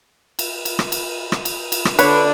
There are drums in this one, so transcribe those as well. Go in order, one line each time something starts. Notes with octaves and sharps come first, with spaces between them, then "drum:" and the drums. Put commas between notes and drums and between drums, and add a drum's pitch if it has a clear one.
drum: cymbal
drum: cymbal
drum: rim click
drum: cymbal
drum: rim click
drum: cymbal
drum: cymbal
drum: rim click
D3 D4 B4 C#5, drum: cymbal